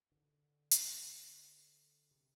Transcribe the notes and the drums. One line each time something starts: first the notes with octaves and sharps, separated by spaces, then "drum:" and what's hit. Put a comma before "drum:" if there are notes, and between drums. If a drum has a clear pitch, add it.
D3
drum: hi-hat
C3